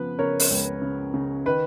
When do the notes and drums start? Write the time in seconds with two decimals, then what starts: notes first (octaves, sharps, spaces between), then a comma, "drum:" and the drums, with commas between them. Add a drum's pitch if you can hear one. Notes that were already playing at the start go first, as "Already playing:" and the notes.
Already playing: C#3 F3 B3 B4
0.19 C#3 A#4 C#5
0.40 drum: open hi-hat
0.50 C#2
0.82 C#3
1.14 C#3
1.45 D#3 B4